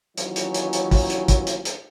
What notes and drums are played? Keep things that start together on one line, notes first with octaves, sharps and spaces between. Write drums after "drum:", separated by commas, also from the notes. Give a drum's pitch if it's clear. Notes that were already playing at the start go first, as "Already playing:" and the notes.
D#2 E3 F#3 C#4 D#4 F4, drum: hi-hat
drum: hi-hat
drum: hi-hat
drum: hi-hat
drum: kick, open hi-hat
drum: hi-hat
drum: kick, hi-hat
drum: hi-hat
drum: hi-hat